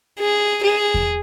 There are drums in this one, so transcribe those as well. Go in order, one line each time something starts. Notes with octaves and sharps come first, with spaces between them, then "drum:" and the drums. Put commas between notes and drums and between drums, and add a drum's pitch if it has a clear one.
G#4
G#4
drum: kick E2